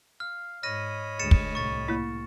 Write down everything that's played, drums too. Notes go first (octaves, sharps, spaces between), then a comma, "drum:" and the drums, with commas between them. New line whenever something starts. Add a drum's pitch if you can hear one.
F5 F6
G#2 C#5 D#5 B5 F6 A#6 D#7
D2 G#3 A6 C#7 E7
drum: kick
C2 A2 C#6 A6
A#3 E4